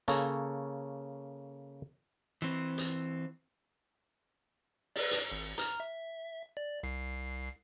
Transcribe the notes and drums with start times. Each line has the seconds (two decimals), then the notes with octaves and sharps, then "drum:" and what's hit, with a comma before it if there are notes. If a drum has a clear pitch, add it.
0.08 C#3 A#3 A4 C#5, drum: hi-hat
2.42 E3 C4
2.78 drum: hi-hat
4.96 B4 D5, drum: open hi-hat
5.11 drum: hi-hat
5.32 G#1
5.58 A#5 F6, drum: hi-hat
5.80 E5
6.57 D5
6.83 C2 C7